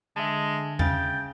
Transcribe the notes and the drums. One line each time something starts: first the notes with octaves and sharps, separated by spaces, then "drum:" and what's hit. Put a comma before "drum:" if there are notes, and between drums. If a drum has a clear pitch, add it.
D3 G#3 E5 A5
C#3 G5 A6, drum: tom E2